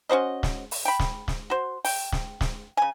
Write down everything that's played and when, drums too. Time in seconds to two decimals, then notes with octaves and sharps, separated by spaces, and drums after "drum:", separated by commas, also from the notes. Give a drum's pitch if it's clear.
0.09 C#4 F#4 C5 D#5
0.43 drum: snare
0.71 drum: open hi-hat
0.85 G5 B5
0.99 drum: snare
1.28 drum: snare
1.50 F#4 C5
1.85 G5, drum: open hi-hat
2.12 drum: snare
2.41 drum: snare
2.77 C#3 G#5